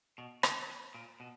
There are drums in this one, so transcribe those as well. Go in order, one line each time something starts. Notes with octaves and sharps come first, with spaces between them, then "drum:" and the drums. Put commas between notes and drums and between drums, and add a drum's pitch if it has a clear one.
B2
C#3, drum: rim click
A#2
B2